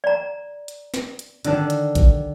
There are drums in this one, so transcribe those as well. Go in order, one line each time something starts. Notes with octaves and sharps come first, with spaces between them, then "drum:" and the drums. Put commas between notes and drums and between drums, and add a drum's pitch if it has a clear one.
D5 A#5
drum: hi-hat
drum: snare
drum: hi-hat
D3 D#3 D4, drum: hi-hat
drum: hi-hat
drum: kick A1, hi-hat